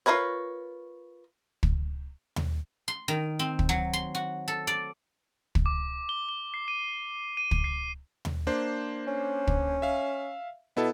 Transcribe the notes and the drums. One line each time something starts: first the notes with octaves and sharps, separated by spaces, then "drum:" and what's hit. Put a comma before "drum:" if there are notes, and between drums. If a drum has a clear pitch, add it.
F4 F#4 A#4 B4 C#5
drum: kick
drum: tom D#2
C6
D#3
C4
drum: kick
F#3
C6
F#4
A4
D5
drum: kick
D6
G7
G7
C7
D#7
D#7
drum: kick
C7
drum: tom D#2
A#3 D4 C5
C#4
drum: kick
E5 F5
B2 B3 E4 A4